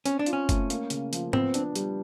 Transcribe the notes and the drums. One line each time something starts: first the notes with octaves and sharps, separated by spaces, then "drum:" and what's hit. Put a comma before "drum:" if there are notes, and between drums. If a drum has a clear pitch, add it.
C4 C#4, drum: hi-hat
D4
F4, drum: hi-hat
C#4
A3, drum: kick F#1, hi-hat
A#3, drum: hi-hat
C#3, drum: hi-hat
F3, drum: hi-hat
B3 C4, drum: tom G#2
D4, drum: hi-hat
G3, drum: hi-hat